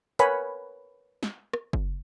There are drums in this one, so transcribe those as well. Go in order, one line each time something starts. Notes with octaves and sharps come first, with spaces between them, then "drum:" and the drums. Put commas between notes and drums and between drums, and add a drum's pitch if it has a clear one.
A#4 B4 C#5 F#5 G#5 B5, drum: hi-hat
drum: snare
drum: rim click
drum: kick F#1